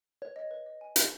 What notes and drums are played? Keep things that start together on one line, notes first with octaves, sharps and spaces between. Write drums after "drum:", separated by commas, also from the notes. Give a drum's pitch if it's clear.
B4 C#5
D#5
B4
D#5
G#5
B5, drum: hi-hat